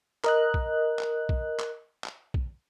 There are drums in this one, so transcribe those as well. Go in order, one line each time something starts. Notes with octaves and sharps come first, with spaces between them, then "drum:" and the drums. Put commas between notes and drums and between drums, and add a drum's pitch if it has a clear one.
A#4 D#5 F#6, drum: clap
drum: kick A#1
drum: clap
drum: kick A#1
drum: clap
drum: clap
drum: kick A#1